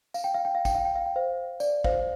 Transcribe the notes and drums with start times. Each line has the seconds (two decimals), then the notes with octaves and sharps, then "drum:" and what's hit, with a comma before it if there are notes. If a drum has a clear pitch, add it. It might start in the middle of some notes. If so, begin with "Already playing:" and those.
0.14 F5, drum: tambourine
0.24 G5
0.34 F5
0.45 G5
0.55 F5
0.65 G5, drum: kick, tambourine
0.75 F5
0.85 G5
0.95 F5
1.06 G5
1.16 C5 F5
1.60 D5, drum: tambourine
1.84 C5 F5, drum: kick